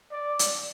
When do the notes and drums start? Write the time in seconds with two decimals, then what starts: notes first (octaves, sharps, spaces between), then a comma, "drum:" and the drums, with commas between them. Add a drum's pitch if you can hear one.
0.12 D5
0.39 drum: hi-hat